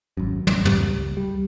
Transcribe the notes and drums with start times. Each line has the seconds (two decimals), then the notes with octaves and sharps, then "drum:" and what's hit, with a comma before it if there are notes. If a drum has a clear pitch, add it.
0.17 G#1 F#2
0.47 A1, drum: tom
0.65 G3, drum: tom
0.78 C#2
1.17 G3